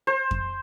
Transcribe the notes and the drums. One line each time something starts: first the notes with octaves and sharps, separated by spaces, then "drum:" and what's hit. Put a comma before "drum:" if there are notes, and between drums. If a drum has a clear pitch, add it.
C5
drum: kick F2